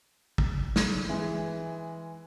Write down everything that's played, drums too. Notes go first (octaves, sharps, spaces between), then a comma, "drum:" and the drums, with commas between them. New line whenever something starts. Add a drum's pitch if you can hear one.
drum: kick
drum: snare
E3 G#3